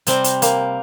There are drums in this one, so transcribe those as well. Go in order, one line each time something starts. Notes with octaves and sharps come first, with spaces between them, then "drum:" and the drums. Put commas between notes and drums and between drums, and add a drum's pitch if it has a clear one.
C3 G3 C4, drum: hi-hat
drum: hi-hat
A#3, drum: hi-hat